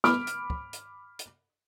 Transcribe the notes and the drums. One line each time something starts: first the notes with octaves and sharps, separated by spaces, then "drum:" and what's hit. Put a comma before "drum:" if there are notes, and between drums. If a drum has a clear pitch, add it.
B5 D6 F6 D7, drum: snare
drum: hi-hat
drum: kick
drum: hi-hat
drum: hi-hat